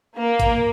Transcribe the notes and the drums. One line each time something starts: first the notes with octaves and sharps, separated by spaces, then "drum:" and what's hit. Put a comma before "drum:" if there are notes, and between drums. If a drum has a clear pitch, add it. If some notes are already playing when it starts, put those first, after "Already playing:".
A#3
drum: kick A1, hi-hat